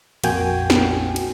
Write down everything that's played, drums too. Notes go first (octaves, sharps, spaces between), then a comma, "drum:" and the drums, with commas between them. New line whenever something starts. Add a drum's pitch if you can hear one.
A#1 F2 A#3 F#4 G5 G#5, drum: cymbal
drum: snare
drum: cymbal